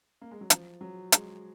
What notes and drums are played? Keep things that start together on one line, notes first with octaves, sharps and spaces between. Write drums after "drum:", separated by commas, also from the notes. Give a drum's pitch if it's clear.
A#3
G#3
F#3
F3, drum: hi-hat
F#3
G#3, drum: hi-hat